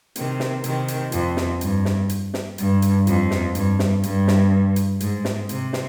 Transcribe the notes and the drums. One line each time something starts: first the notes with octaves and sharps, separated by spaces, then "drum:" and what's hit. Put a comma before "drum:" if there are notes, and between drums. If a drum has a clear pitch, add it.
C3 D#3, drum: hi-hat
drum: snare
C3 D#3, drum: hi-hat
drum: hi-hat
F2, drum: hi-hat
drum: snare
G2, drum: hi-hat
drum: snare
drum: hi-hat
drum: snare
G2, drum: hi-hat
drum: hi-hat
F2, drum: hi-hat
drum: snare
G2, drum: hi-hat
drum: snare
G2, drum: hi-hat
drum: snare
drum: hi-hat
G#2, drum: hi-hat
drum: snare
C3, drum: hi-hat
drum: snare